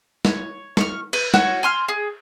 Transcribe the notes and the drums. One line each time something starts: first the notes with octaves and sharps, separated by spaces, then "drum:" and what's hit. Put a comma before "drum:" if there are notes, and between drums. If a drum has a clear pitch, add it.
C#5, drum: snare
C#6 F6, drum: snare
B4, drum: cymbal
F#4 C#5 G#5, drum: snare
G#5 C6 F6
G#4